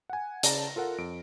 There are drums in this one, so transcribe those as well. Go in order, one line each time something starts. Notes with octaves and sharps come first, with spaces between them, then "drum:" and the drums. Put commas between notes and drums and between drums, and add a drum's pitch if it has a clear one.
F#5 G#5
C#3 D5 A5 A#5 A#6, drum: hi-hat
F4 A4 A#4 F#5
F2 D7